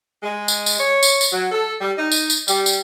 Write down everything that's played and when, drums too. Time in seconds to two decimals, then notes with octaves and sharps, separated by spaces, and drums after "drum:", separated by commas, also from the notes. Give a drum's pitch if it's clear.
0.22 G#3
0.48 drum: tambourine
0.66 drum: tambourine
0.79 C#5
1.03 drum: tambourine
1.21 drum: tambourine
1.31 F#3
1.52 A4
1.81 G3
1.98 D#4
2.12 drum: tambourine
2.30 drum: tambourine
2.48 G3, drum: tambourine
2.66 drum: tambourine